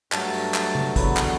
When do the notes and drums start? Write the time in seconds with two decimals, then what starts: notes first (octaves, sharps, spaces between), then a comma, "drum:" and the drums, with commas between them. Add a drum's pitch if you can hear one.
0.12 G2 F#3 A3 A5, drum: clap
0.33 drum: open hi-hat
0.54 drum: clap
0.75 drum: tom C#3
0.96 E2 D3 F#3 B4, drum: kick, hi-hat
1.17 drum: clap